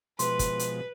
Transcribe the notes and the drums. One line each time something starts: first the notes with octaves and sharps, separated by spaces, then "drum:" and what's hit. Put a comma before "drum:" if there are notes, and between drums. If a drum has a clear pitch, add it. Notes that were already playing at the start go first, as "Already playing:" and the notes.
B2 F3 G#3 B4 C6, drum: hi-hat
drum: kick, hi-hat
drum: hi-hat